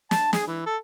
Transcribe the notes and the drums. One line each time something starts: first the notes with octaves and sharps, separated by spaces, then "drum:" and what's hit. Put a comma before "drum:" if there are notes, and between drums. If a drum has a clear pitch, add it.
A5, drum: snare
G#4, drum: snare
E3
A4